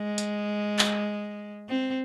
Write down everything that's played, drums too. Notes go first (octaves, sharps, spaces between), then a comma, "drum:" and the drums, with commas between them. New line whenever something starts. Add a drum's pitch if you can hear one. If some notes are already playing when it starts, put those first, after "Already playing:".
Already playing: G#3
drum: hi-hat
drum: clap
C4